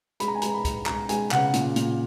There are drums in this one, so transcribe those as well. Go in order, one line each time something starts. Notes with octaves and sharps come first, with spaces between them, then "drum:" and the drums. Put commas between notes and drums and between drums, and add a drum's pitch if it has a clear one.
G#3 B5, drum: hi-hat
A#5
G#5
G#3 A#5, drum: hi-hat
B5
G#3, drum: kick C#2, hi-hat
G#3 A#5, drum: clap
G#3 G#5, drum: hi-hat
C#3 F#5, drum: clap
A#2, drum: hi-hat
A#2, drum: hi-hat